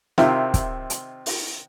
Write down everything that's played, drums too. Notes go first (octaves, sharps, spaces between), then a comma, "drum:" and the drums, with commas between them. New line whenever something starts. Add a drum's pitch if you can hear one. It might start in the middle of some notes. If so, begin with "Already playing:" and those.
C3 D#3 C4 E4 F4, drum: snare
drum: kick, hi-hat
drum: hi-hat
drum: open hi-hat